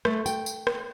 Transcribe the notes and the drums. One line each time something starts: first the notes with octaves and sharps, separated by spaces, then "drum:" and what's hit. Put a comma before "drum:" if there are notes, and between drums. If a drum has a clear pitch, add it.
A3, drum: rim click
G5, drum: tambourine
drum: tambourine
drum: rim click